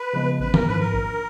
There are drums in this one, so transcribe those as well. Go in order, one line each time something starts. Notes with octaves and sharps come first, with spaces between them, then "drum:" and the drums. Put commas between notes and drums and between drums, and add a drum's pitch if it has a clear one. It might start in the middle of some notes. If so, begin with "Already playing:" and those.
Already playing: B4
C#3 F3 G#3 B3
A1 B4
A#4, drum: tom D#3
G#2 F3 B4
A#4
A#1